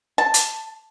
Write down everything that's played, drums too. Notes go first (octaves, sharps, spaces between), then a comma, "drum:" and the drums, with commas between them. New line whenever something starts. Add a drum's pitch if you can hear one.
A5
drum: hi-hat